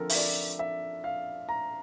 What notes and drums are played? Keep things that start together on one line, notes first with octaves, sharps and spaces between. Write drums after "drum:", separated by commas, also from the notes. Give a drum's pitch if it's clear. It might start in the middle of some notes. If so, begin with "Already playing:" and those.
Already playing: D3 F3 C4 A4 A#4
E5, drum: open hi-hat
D5
E5
F5
A#5